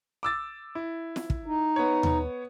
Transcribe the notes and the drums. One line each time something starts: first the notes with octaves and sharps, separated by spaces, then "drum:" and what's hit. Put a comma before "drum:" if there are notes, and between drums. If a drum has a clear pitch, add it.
D6 E6 A6
E4
drum: snare
drum: kick
D#4
B3 C#5
drum: tom D#2